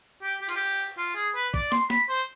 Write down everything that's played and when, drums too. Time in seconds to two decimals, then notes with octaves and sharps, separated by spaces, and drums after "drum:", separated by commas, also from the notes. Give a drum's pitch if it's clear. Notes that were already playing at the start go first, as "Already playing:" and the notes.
0.22 G4
0.41 G4
0.49 F4, drum: cymbal
0.56 G4
0.97 F4
1.15 G#4
1.35 B4
1.54 D5, drum: kick
1.72 C6, drum: snare
1.90 B5, drum: snare
2.09 C5